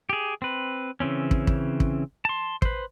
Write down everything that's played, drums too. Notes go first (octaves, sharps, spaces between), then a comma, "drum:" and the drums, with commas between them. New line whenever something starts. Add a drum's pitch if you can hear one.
G4 G#4
C4 B4
C#3 E3 C4 C#4
drum: kick
drum: kick
drum: kick
A5 C6
B4 C5, drum: kick